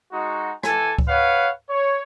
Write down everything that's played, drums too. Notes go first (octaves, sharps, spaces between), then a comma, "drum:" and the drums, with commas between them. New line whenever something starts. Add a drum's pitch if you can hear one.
G#3 D#4 F#4
E3 A4 G#5, drum: rim click
drum: kick C#2
B4 C#5 F5 F#5
C#5